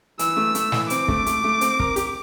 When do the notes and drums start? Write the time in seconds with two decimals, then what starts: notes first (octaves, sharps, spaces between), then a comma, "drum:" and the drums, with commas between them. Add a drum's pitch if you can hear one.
0.19 E3 E6, drum: hi-hat
0.37 A3
0.55 A3, drum: hi-hat
0.72 E3, drum: snare
0.90 C4 D6, drum: hi-hat
1.08 A3, drum: kick
1.26 A3, drum: hi-hat
1.44 A3
1.61 C4, drum: hi-hat
1.80 A#4, drum: kick
1.96 G4, drum: hi-hat